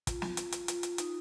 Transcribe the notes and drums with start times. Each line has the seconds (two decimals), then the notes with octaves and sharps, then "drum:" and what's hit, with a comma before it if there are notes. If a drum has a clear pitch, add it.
0.07 F4, drum: kick, hi-hat
0.22 drum: snare
0.37 drum: hi-hat
0.52 drum: hi-hat
0.68 F4, drum: hi-hat
0.83 drum: hi-hat
0.98 D#4, drum: hi-hat